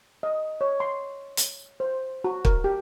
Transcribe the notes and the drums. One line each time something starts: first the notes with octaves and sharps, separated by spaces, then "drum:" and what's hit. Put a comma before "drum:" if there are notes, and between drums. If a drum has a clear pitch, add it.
D#5
C#5
C6
drum: hi-hat
C5
F#4
A#4, drum: kick
G4